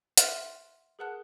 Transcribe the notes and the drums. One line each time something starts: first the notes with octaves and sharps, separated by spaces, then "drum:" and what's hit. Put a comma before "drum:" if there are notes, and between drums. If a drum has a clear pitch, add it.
E5 F#5 C6 F6 F#6 D7, drum: hi-hat
G#4 A#4 B4 F#5 A5 F#6